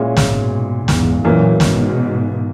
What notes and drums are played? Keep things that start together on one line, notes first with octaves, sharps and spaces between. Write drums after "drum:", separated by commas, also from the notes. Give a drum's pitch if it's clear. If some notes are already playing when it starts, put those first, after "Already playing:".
Already playing: A#2 G#3 C#4 E4 G#4
G#2 B2, drum: snare
E2 G#2, drum: snare
F#2 A#2 E3 A#3 C#4
G#2 B2, drum: snare